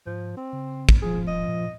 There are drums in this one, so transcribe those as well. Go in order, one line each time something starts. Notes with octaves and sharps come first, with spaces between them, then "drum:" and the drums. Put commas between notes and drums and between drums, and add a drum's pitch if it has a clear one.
G#2 F3
C4
C#3
drum: kick
D#1 F3 G#4
D#1 D#5
A#2